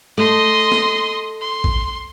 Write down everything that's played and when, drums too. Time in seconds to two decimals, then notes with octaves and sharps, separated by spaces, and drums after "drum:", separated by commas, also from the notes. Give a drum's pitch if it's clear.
0.18 A3 D#5 C6
0.72 drum: snare
1.41 C6
1.64 drum: kick A1